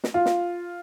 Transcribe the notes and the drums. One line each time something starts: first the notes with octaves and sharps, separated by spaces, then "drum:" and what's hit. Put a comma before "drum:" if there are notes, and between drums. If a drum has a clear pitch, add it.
drum: snare
F4
drum: snare